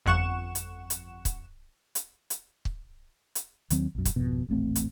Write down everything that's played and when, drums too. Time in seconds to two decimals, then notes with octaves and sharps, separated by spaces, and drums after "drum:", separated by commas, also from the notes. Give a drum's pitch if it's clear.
0.05 G1 F2 F#5 C#6 E7
0.55 drum: hi-hat
0.90 drum: hi-hat
1.25 drum: kick, hi-hat
1.95 drum: hi-hat
2.30 drum: hi-hat
2.65 drum: kick
3.35 drum: hi-hat
3.70 D#2 D#3 F#3 C4, drum: hi-hat
3.95 B1 F#2
4.05 drum: kick, hi-hat
4.16 G#1 F2 B2
4.48 D#1 A1 A3 C4
4.75 drum: hi-hat